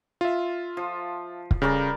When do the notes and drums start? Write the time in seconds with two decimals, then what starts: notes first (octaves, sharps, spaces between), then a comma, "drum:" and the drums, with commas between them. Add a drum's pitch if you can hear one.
0.21 F4 E5
0.77 F3
1.51 drum: kick
1.62 C#3 G3 A#4 D5